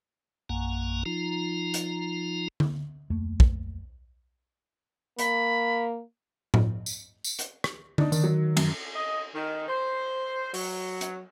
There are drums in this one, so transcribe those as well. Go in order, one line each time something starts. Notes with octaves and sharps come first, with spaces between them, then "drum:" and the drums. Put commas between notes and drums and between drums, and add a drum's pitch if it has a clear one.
A#1 F#2 A#3 F#5 G#5 A#5
F3 D#4 F4 A#5
drum: hi-hat
drum: tom D3
D1 F2 A3 A#3
drum: kick
A#3 B5, drum: hi-hat
drum: tom A2
drum: tambourine
drum: tambourine
drum: hi-hat
drum: rim click
D4 D#4, drum: tom D3
D#3, drum: tambourine
F#3
F#2, drum: cymbal
D#5
D#3
C5
F#3, drum: open hi-hat
drum: hi-hat